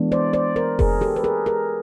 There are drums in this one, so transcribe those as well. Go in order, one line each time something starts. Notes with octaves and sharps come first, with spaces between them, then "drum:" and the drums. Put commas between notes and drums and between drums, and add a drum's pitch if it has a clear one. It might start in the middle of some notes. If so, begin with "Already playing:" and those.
Already playing: E3 G#3 B3 D4
C5 D5
C5 D5
A#4 C5
G#4 A#4, drum: kick F1
G4 A4
B4
G#4 A#4
G#4 A#4